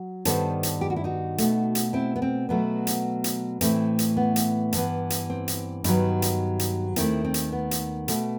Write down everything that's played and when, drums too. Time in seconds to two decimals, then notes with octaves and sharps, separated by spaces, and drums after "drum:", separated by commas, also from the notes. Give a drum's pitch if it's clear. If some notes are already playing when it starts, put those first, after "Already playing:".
Already playing: F#3
0.25 G2 D#3 G3 B3 A4 C5, drum: hi-hat
0.63 drum: hi-hat
0.81 G4
0.90 F#4
0.96 E4
1.04 D#4 F#4
1.38 B2 A3, drum: hi-hat
1.75 drum: hi-hat
1.93 C4 E4
2.16 B3
2.22 C4
2.49 B2 F#3 A3 B3
2.87 drum: hi-hat
3.24 drum: hi-hat
3.61 A2 E3 A3 C4, drum: hi-hat
3.99 drum: hi-hat
4.17 B3
4.36 drum: hi-hat
4.72 G2 E3 B3, drum: hi-hat
5.10 drum: hi-hat
5.30 C4
5.48 drum: hi-hat
5.84 G2 D#3 F#3 B3 D#4, drum: hi-hat
6.22 drum: hi-hat
6.59 drum: hi-hat
6.96 D#2 D#3 A3 C4 E4, drum: hi-hat
7.25 C4
7.34 drum: hi-hat
7.52 B3
7.71 drum: hi-hat
8.08 B2 A3, drum: hi-hat